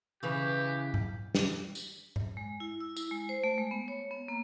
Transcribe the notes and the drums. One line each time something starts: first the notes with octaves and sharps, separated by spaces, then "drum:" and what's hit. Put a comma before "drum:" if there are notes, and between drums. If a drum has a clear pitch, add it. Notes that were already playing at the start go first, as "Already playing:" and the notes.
C#3 E3 G4 B4
drum: tom G#2
drum: snare
drum: tambourine
drum: tom G#2
G#3
E4
E6
E4, drum: tambourine
G#3
C5
A3
G#3
B3
C#5
B3
A#3